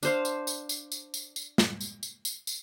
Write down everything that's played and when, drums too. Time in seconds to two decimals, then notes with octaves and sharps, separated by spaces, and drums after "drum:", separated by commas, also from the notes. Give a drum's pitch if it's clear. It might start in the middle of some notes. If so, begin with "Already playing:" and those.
0.03 D4 C5 F5, drum: tambourine
0.25 drum: tambourine
0.47 drum: tambourine
0.69 drum: tambourine
0.92 drum: tambourine
1.14 drum: tambourine
1.36 drum: tambourine
1.58 drum: snare
1.81 drum: tambourine
2.03 drum: tambourine
2.25 drum: tambourine
2.47 drum: tambourine